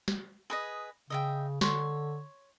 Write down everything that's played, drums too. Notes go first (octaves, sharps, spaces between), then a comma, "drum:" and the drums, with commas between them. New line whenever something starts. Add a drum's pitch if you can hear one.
drum: snare
G#4 B4 D#5
C#3 D#5 E5 G5
D3 C#5 C6, drum: snare